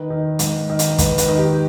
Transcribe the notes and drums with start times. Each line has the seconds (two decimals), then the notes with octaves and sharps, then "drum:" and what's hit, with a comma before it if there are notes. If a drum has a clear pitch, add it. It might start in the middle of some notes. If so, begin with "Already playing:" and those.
Already playing: D#3 B4
0.10 D#3
0.39 G#2, drum: hi-hat
0.70 D#3
0.79 drum: hi-hat
0.98 G#2 B4, drum: kick, hi-hat
1.18 B4, drum: hi-hat
1.28 D#3
1.38 G4